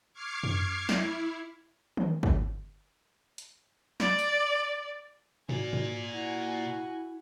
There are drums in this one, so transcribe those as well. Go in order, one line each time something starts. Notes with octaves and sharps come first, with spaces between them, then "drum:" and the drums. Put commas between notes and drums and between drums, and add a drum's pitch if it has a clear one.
C#6 D6 F6 G#6 C7
drum: tom F#2
E4, drum: snare
drum: tom D#3
drum: kick
drum: hi-hat
D5, drum: snare
drum: tambourine
A#2 F#4 D5 G#5, drum: tom G#2
drum: tom G#2
E4 F#4